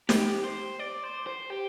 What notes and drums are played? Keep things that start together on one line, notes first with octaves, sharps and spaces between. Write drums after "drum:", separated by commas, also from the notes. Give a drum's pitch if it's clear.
G4, drum: snare
C5
D5
C5
C5
G4